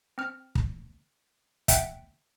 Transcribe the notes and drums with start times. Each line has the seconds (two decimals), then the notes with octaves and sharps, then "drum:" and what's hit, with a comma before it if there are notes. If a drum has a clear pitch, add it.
0.18 C4 F6
0.55 drum: kick
1.68 E5 F#5 G5 F#6 B6, drum: kick, hi-hat